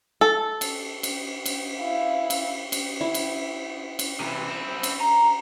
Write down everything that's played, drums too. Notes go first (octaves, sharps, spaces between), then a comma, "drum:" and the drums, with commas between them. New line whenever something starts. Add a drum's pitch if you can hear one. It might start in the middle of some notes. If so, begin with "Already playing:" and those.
A4
drum: cymbal
drum: cymbal
drum: cymbal
E4 F5
drum: cymbal
drum: cymbal
E4
drum: cymbal
drum: cymbal
C3 E3
C4 E4
drum: cymbal
A#5